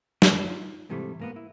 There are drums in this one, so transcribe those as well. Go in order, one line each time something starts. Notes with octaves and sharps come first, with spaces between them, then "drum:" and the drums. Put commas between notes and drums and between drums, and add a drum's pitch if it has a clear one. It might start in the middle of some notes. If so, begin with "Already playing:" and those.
F#2 D4 D#5 B5, drum: snare
D#4 F4
G#2 C3 E3 G3 A3
G#2 A#3 B3
E4